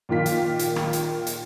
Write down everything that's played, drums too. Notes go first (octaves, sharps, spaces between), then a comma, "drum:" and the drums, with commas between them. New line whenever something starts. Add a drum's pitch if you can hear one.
A#2 D#3 F4 B6
drum: hi-hat
drum: hi-hat
drum: rim click
drum: hi-hat
drum: hi-hat